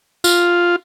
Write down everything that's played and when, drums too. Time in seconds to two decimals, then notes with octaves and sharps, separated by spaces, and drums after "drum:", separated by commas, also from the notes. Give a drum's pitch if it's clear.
0.24 F4, drum: tambourine